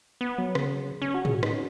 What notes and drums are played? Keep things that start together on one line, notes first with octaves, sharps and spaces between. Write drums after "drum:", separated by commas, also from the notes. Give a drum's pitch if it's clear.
B3
F#3
C#3, drum: rim click
C#4
F#4
G#4, drum: tom
F#4
D#4, drum: rim click
C#4